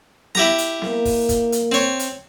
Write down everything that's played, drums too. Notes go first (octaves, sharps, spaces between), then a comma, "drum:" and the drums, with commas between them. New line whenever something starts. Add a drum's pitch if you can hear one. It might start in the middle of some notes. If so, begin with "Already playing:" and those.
E4 G4 A#5, drum: snare B3
drum: hi-hat
A#3, drum: snare B3
drum: kick, open hi-hat
drum: kick, hi-hat
drum: hi-hat
C4 C#5
drum: hi-hat